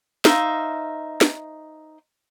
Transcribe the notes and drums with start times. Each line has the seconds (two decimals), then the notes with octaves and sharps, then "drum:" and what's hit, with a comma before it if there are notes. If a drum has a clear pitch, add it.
0.25 D#4 C5 E5 F5, drum: snare
1.21 drum: snare